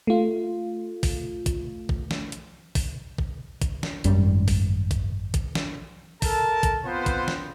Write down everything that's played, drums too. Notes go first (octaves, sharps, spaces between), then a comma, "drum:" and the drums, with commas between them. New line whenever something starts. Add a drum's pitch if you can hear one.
A3 F4
drum: kick, open hi-hat
drum: kick, hi-hat
drum: kick
drum: snare
drum: hi-hat
drum: kick, open hi-hat
drum: kick
drum: kick, hi-hat
drum: snare
G#1 F#2 G3, drum: hi-hat
drum: kick, open hi-hat
drum: kick, hi-hat
drum: kick, hi-hat
drum: snare
A4 A#4 A5, drum: kick, open hi-hat
drum: kick, hi-hat
B3 C4 F4 B4 C5
drum: kick, hi-hat
drum: snare